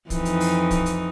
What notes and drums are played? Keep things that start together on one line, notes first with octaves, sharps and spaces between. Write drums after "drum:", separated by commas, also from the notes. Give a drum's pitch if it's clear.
F2 E3 D#4, drum: kick, hi-hat
drum: hi-hat
drum: open hi-hat
drum: kick, hi-hat
drum: hi-hat